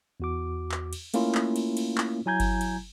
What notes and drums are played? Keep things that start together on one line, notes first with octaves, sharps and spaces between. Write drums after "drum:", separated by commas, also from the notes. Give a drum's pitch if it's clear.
E2 F#4 D6
drum: clap
drum: cymbal
A3 A#3 C#4 E4 F4, drum: cymbal
drum: clap
drum: cymbal
drum: cymbal
drum: clap
F#3 E4 G#5 A#5 G6 G#6
drum: kick G1, cymbal
drum: cymbal